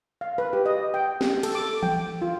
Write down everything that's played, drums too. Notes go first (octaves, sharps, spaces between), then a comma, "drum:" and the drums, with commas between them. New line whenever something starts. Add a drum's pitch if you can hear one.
F5
B4
G4
D#5
G5
G4, drum: snare
A4, drum: cymbal
D6
G5, drum: tom E3
F4